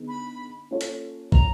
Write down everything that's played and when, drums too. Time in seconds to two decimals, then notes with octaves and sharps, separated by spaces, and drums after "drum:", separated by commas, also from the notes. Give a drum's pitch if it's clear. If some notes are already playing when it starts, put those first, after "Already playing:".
Already playing: D3 B3 D#4 G#4
0.08 B5
0.71 A#3 C#4 F4 A4 C#5
0.81 drum: hi-hat
1.32 A#5, drum: kick